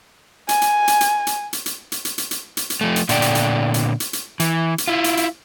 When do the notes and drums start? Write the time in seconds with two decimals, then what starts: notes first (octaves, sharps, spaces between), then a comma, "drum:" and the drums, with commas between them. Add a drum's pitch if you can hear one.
0.49 G#5, drum: hi-hat
0.62 drum: hi-hat
0.88 drum: hi-hat
1.01 drum: hi-hat
1.27 drum: hi-hat
1.53 drum: hi-hat
1.66 drum: hi-hat
1.92 drum: hi-hat
2.05 drum: hi-hat
2.18 drum: hi-hat
2.31 drum: hi-hat
2.57 drum: hi-hat
2.70 drum: hi-hat
2.81 F3 A3
2.96 drum: hi-hat
3.09 A#2 D3 B3 D4 D5 G5, drum: hi-hat
3.22 drum: hi-hat
3.35 drum: hi-hat
3.74 drum: hi-hat
4.00 drum: hi-hat
4.13 drum: hi-hat
4.40 E3, drum: hi-hat
4.78 drum: hi-hat
4.88 E4 F4
5.04 drum: hi-hat
5.17 drum: hi-hat